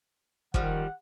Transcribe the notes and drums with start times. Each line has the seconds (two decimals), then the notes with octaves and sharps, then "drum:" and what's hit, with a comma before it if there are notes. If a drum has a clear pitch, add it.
0.54 D#3 F3 G3 F#5, drum: kick